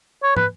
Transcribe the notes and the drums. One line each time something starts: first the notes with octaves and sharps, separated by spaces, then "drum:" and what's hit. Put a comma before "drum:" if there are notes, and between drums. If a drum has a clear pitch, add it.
C#5
B4, drum: tom